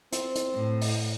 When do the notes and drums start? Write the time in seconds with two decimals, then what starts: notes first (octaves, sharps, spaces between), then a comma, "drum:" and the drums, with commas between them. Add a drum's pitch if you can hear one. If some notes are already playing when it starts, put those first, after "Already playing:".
0.13 C4, drum: hi-hat
0.35 drum: hi-hat
0.54 A2
0.81 drum: open hi-hat